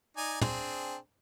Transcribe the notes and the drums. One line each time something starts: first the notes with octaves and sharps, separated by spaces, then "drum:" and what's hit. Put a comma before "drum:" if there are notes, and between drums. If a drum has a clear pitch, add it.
D#4 D5 G#5
C4 D4 G#4, drum: tom